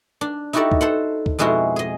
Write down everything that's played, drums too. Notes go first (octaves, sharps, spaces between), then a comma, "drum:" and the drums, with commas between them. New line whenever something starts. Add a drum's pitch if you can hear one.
D4
D#4 E4 F#4 G4 A4 D5
drum: kick C#2
A4 C5 F#5
drum: kick C#2
F2 B2 G#3 E4 F#4 C5
G#4 D#5